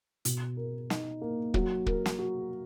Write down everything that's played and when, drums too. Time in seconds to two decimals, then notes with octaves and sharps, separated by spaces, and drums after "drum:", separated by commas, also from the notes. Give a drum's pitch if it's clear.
0.25 B2, drum: hi-hat
0.57 A#4
0.90 D#4, drum: snare
1.21 A#3
1.54 F#3, drum: kick
1.86 A#4, drum: kick
2.06 drum: snare
2.19 F#4